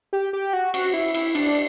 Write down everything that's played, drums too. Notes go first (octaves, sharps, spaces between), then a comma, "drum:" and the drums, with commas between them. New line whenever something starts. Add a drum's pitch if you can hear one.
G4
G4
F#4
F#4, drum: cymbal
E4
E4, drum: cymbal
D4, drum: cymbal